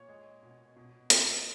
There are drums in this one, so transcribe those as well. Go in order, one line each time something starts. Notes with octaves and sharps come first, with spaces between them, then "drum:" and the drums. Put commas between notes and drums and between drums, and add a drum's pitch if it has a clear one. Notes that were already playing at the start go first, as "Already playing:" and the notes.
Already playing: A#2 C#5
G#3
B2
B2
G#3, drum: hi-hat